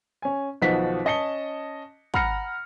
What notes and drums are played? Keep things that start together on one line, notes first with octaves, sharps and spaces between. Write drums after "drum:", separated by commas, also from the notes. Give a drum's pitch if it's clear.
C#4 G#5
B1 B2 D#3 F3 F#5 B6
C#4 D#5 A5 C#7 G7
F#5 A#5 B5 F6 A#6 C#7, drum: kick